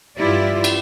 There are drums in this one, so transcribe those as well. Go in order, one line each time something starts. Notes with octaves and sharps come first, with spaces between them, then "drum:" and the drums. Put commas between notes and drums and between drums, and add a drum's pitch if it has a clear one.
G2 E3 E4 F4 G4 D5
drum: cymbal